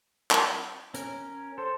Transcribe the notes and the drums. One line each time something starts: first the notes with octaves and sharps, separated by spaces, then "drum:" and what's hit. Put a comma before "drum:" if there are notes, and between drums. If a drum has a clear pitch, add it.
drum: clap
C#4 A#4, drum: hi-hat
A4 C5